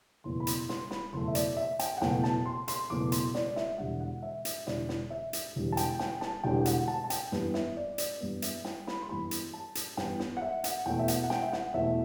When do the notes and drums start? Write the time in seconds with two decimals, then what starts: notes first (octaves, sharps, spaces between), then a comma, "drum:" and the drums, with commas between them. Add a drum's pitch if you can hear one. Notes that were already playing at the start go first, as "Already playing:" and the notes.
0.24 F#1 E2 B2 A3 C6
0.40 B5
0.47 C6, drum: hi-hat
0.69 C6, drum: snare
0.91 B5, drum: snare
1.12 F#1 E2 B2 A3 C6
1.28 E5
1.35 D5, drum: hi-hat
1.57 E5
1.79 G5, drum: hi-hat
1.97 F#5
2.01 F#1 E2 B2 A3 G5, drum: snare
2.24 A5, drum: snare
2.46 C6
2.68 C6, drum: hi-hat
2.90 F#1 E2 B2 A3 D6
3.12 C6, drum: hi-hat
3.35 D5, drum: snare
3.47 D5
3.56 E5, drum: snare
3.78 E1 E2 D3 G3 F#5
4.00 F#5
4.23 E5
4.45 E5, drum: hi-hat
4.67 E1 E2 D3 G3 D5, drum: snare
4.89 drum: snare
5.10 E5
5.33 drum: hi-hat
5.56 E1 E2 D3 G3
5.72 A5
5.77 G5, drum: hi-hat
5.99 G5, drum: snare
6.21 A5, drum: snare
6.44 E1 E2 D3 G3 G5
6.65 F#5, drum: hi-hat
6.88 A5
7.04 A5
7.10 G5, drum: hi-hat
7.32 G2 E3 B3, drum: snare
7.54 E5, drum: snare
7.77 D5
7.98 D5, drum: hi-hat
8.20 G2 E3 B3
8.42 E5, drum: hi-hat
8.65 G5, drum: snare
8.87 B5, drum: snare
9.02 C6
9.09 G2 E3 B3 B5
9.31 drum: hi-hat
9.54 A5
9.75 drum: hi-hat
9.97 G2 E3 B3 G5, drum: snare
10.20 drum: snare
10.37 F#5
10.42 E5
10.64 F#5, drum: hi-hat
10.86 E2 B2 A3 G5
10.99 E5
11.08 F#5, drum: hi-hat
11.24 F#5
11.30 G5, drum: snare
11.42 E5
11.52 F#5, drum: snare
11.74 E2 B2 A3 E5